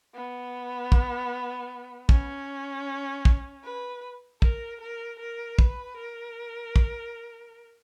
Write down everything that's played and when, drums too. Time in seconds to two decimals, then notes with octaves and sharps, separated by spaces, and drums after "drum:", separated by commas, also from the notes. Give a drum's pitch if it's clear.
0.15 B3
0.92 drum: kick
2.09 C#4, drum: kick
3.25 drum: kick
3.64 B4
4.42 A#4, drum: kick
4.81 A#4
5.20 A#4
5.59 B4, drum: kick
5.97 A#4
6.76 drum: kick